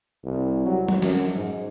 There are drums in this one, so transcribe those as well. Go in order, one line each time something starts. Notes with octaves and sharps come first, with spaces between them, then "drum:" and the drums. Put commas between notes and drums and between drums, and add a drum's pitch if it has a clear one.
C2
F#3
drum: tom
F#2, drum: snare
G#2